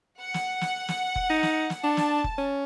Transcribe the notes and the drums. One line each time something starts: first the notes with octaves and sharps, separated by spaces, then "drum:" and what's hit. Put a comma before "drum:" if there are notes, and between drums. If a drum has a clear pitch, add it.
F#5
drum: snare
drum: snare
drum: snare
drum: kick F1
D#4
drum: snare
drum: snare
D4 A5
drum: snare
drum: kick F1
C#4